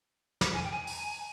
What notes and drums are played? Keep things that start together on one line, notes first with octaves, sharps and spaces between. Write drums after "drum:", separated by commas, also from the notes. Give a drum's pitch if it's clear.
drum: snare
G#5
G5
G#5
drum: open hi-hat